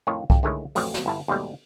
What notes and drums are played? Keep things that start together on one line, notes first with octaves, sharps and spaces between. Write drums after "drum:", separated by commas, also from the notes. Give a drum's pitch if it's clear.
F2 A2 D#3 F4 C#5
F2, drum: kick C2
D3 D#3 G#3 A3 E4 C#5
A1 F2 F3 F#3 A3, drum: open hi-hat
drum: snare
G1 E4 A5
D#2 G#2 B2 G3 A3